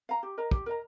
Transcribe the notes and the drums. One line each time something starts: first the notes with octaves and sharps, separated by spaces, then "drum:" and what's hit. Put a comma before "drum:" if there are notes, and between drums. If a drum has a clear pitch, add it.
F5 A#5
G4
A#4 D#5 A#5
G4, drum: kick
A#4 D#5 A#5